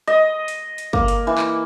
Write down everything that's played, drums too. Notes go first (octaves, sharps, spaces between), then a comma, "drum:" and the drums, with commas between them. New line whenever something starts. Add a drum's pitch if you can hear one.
D#5
drum: hi-hat
drum: hi-hat
A#3, drum: kick
drum: hi-hat
E3
drum: clap